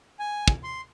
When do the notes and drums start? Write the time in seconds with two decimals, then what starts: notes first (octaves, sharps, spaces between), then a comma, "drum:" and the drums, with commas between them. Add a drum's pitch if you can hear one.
0.19 G#5
0.48 drum: kick
0.64 C6